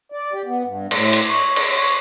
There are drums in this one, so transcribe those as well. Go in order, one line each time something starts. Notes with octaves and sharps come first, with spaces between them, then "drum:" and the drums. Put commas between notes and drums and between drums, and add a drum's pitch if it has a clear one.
D5
G4
B3
G2
A2, drum: cymbal
drum: hi-hat
C#5
drum: cymbal
C#5